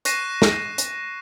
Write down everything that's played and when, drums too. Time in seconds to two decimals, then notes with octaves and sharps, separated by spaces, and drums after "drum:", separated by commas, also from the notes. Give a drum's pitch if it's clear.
0.05 C#6 F#6 A#6 C7 D#7 E7, drum: hi-hat
0.42 drum: snare
0.78 drum: hi-hat